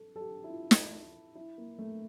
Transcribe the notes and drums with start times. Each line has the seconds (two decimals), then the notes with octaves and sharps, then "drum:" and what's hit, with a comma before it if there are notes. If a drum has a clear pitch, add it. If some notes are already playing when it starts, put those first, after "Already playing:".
Already playing: A4
0.16 A4
0.20 G4
0.44 E4
0.50 F4
0.71 drum: snare
1.35 E4
1.58 A#3
1.79 A3